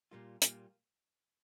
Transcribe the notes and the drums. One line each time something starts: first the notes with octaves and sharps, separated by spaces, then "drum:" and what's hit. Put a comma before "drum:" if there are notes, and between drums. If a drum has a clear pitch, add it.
A#2 G3 A#3 F4
A#2 G3 A#3 F4, drum: hi-hat